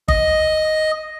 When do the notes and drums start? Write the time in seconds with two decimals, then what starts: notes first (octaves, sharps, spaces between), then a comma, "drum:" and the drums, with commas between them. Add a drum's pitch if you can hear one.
0.08 D#5, drum: kick G1